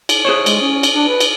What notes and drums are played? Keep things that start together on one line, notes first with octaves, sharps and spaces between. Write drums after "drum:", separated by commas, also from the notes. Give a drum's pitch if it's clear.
drum: cymbal
G#4 C5 C#5
G#3, drum: cymbal
C#4
drum: cymbal
D4
B4
drum: cymbal